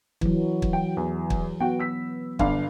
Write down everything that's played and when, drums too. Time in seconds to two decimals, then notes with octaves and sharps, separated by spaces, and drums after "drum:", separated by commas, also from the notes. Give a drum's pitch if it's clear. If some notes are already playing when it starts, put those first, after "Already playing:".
0.21 E3 F#3, drum: kick
0.62 drum: kick
0.73 G5
0.97 E2
1.30 drum: kick
1.60 B3 F#4 G5
1.79 E6 B6
2.39 G1 D4 F5, drum: kick